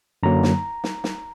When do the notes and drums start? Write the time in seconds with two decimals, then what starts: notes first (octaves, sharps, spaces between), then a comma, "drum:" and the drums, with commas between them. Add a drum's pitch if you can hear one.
0.23 F#2 D3 F#3 A#3 A#5
0.43 drum: snare
0.84 drum: snare
1.04 drum: snare